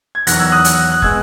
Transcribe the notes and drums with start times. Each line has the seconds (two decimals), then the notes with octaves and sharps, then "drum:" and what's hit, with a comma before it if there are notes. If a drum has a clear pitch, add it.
0.15 G#6
0.27 E2 D#3 F#3 F#6 A#6, drum: hi-hat
0.39 E6 G#6
0.52 D#6 F#6
0.65 drum: hi-hat
0.92 F#6
1.02 B2 G#3 E6 G#6, drum: kick